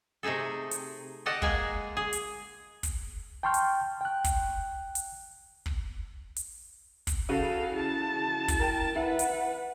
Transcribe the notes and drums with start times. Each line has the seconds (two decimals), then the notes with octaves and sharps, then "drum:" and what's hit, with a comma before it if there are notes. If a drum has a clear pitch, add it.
0.23 C3 A3 D#4 G#4 A4
0.71 drum: hi-hat
1.26 G4 A4 D5 D#5 F#5 A5
1.42 G#3 A#3 G#4 G#5, drum: kick
1.97 G#4
2.13 drum: hi-hat
2.83 drum: kick, hi-hat
3.43 G5 A5 C6 C#6 F6 G6
3.54 drum: hi-hat
4.01 G5 F#6
4.25 drum: kick, hi-hat
4.95 drum: hi-hat
5.66 drum: kick
6.36 drum: hi-hat
7.07 drum: kick, hi-hat
7.29 C#3 F#4 A4 F5 D#7
7.73 E4 A5
8.48 drum: kick, hi-hat
8.59 A#4 G5
8.96 E4 B4 F#5
9.19 drum: hi-hat